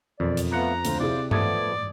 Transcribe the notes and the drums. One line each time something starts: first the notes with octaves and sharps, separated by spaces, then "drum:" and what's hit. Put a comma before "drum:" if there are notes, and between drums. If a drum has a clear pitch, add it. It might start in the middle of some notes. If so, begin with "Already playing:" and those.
E1 F2 D5
drum: hi-hat
A3 B3 F4 A#5 F#6 C#7
D2 C5 F5, drum: hi-hat
C3 E4 G#4 D5
F3 A3 B3 D5 D#6 G#6, drum: tom G2